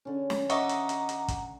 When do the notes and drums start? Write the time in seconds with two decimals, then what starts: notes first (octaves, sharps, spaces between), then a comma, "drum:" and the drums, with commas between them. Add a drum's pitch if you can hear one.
0.05 D3 C#4
0.30 drum: snare
0.50 D#5 E5 F#5 A#5 C#6 D6, drum: hi-hat
0.69 drum: hi-hat
0.89 drum: hi-hat
1.09 drum: hi-hat
1.28 drum: kick, hi-hat